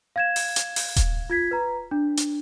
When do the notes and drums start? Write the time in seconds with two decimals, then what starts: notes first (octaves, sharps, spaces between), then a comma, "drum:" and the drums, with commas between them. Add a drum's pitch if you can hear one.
0.16 F5 G#6 E7
0.36 drum: open hi-hat
0.56 drum: hi-hat
0.76 drum: open hi-hat
0.96 drum: kick D#1, hi-hat
1.30 F4 G#6 B6
1.51 B4 A#5
1.91 D4
2.17 drum: hi-hat